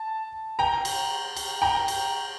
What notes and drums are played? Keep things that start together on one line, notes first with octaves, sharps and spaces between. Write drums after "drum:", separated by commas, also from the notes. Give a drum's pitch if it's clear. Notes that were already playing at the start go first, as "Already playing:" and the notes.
Already playing: A5
G5 A#5
drum: cymbal
drum: cymbal
G5 A#5
drum: cymbal